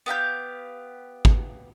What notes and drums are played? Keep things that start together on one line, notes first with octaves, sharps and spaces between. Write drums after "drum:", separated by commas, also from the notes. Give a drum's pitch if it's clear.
B3 G4 F5 G6
drum: kick G#1